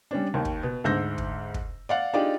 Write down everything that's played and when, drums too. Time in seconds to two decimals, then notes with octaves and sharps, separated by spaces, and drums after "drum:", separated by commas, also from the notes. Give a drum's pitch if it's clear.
0.11 G3 C#4 D4
0.34 D#2 D#3
0.45 drum: kick
0.63 B2
0.84 D2 G#2 E6 G6 A#6
1.18 drum: kick
1.54 drum: kick
1.89 D5 F5 F#5
2.13 D4 D#4 F4 G4 G#4 D5